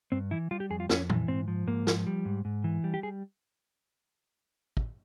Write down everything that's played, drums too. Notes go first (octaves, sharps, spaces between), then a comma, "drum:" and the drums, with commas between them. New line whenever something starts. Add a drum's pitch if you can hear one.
G2 C4
E3 E4
G3 F4
G4
F2 G#4
F4
F2 C#4, drum: snare
E3, drum: tom
G#2 C4
F3
G#2 A#3
F3, drum: snare
G3
G#2
G#2
E3
G3
G4
G#4
drum: kick